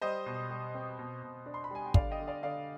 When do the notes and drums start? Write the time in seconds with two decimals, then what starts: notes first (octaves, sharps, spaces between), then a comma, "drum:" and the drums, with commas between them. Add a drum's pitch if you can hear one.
0.01 G3 C5 D#5
0.26 B2
0.50 G3
0.75 C4
0.99 B2
1.23 B2
1.46 D4
1.54 C6
1.64 B5
1.71 G3 G#5
1.85 G5
1.94 D3 D5 F5, drum: kick
2.11 D#5 G5
2.20 D3
2.27 D5 F5
2.43 D3 D5 F5